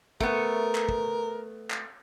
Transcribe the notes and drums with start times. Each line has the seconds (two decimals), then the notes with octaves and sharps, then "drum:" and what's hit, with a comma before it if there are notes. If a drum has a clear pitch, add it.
0.21 A3 B3 A#4, drum: kick
0.75 drum: clap
0.89 drum: kick
1.70 drum: clap